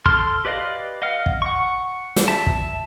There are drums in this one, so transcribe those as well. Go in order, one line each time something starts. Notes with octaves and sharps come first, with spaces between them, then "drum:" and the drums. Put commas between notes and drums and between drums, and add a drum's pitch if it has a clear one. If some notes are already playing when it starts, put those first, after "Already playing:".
A4 C6 F6, drum: kick
G4 B4 D5 D#5 F5
D#5 F5 F#5 F6
drum: kick
F#5 C#6
drum: snare
E5 A5
drum: kick